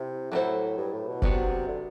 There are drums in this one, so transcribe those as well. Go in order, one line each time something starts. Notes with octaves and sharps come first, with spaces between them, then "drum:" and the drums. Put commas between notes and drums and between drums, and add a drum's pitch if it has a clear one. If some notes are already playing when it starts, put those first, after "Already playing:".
Already playing: C3 E4
A2 F#3 A3 E4 A4 C5
G2
A2
B2
C3 F#3 B3 D4 F#4, drum: kick F1
D3